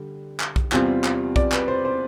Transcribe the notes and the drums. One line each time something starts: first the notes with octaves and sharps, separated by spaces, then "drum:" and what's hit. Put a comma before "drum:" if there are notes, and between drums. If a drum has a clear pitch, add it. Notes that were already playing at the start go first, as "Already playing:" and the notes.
Already playing: D3 G3
drum: clap
drum: kick B1
E2 C3 G3 C4 F4, drum: clap
drum: clap
D5, drum: kick B1
B4, drum: clap
C5
C5